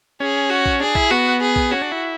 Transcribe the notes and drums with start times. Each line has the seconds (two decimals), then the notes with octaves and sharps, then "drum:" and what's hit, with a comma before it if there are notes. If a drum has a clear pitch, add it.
0.20 C#4 G#4
0.50 F#4
0.66 drum: kick A#1
0.80 D4 G#4
0.95 E4, drum: kick A#1
1.10 B3 F#4
1.41 G#4
1.56 drum: kick A#1
1.71 C#4 F#4
1.81 D4
1.92 E4